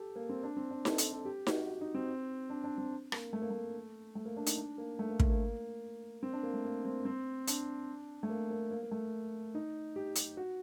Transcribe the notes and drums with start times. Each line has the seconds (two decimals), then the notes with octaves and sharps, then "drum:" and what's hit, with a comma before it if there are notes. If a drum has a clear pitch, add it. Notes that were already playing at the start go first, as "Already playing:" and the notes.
Already playing: G4 A4
0.16 A#3
0.29 C4
0.43 D4
0.57 C4
0.71 D4
0.85 A4, drum: snare D#4
0.98 A4, drum: hi-hat
1.12 A4
1.25 G4
1.47 F#4, drum: snare D#4
1.67 F#4
1.81 D#4
1.95 C4
2.50 D4
2.64 D4
2.78 C4
3.12 A#3, drum: rim click
3.33 A3
3.42 A#3
3.50 A3
4.15 A3
4.25 A#3
4.36 D4
4.46 D#4, drum: hi-hat
4.58 D4
4.78 A#3
4.99 A3
5.09 A#3
5.20 A3, drum: kick
5.30 A#3
6.23 C4
6.33 D4
6.43 A#3
6.54 A3
6.65 A#3
6.85 C4
7.05 C4
7.47 D4, drum: hi-hat
8.23 A3
8.30 A#3
8.51 A#3
8.71 A#3
8.83 A#3
8.91 A3
9.55 D#4
9.96 G4
10.15 G4, drum: hi-hat
10.37 F#4